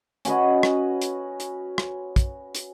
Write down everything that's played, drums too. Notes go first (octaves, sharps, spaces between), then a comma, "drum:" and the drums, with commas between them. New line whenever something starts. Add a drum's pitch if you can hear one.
C#4 F#4 B4 D#5, drum: hi-hat
drum: rim click
drum: hi-hat
drum: hi-hat
drum: rim click
drum: kick, hi-hat
drum: hi-hat